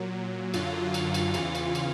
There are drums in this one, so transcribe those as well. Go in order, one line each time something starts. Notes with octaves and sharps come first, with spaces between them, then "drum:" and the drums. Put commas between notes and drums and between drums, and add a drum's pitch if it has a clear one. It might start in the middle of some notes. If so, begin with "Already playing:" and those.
Already playing: A#2 F#3
F#2 D3 F#3 F4, drum: cymbal
drum: cymbal
drum: cymbal
E2 C#3 E3 F4, drum: cymbal
drum: cymbal
drum: cymbal